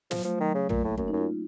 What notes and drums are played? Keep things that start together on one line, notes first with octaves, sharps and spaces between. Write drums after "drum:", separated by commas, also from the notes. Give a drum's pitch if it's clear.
F3 F#3, drum: snare
F3 A3
D#3 F#3
C#3
A#2 A3, drum: tom
A2 A#3
F#2 C#4, drum: kick
D#4
F#2 F4